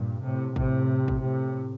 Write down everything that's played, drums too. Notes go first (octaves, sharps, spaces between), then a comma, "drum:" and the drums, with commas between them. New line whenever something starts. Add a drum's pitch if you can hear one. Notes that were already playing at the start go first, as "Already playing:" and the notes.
Already playing: G2 A#2
A2 C3
A2 C3, drum: kick
drum: kick
A2 C3